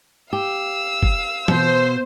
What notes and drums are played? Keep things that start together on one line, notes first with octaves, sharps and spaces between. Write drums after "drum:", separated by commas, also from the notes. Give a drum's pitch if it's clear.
G4 F5 E6
drum: kick
B2 C5, drum: tom E3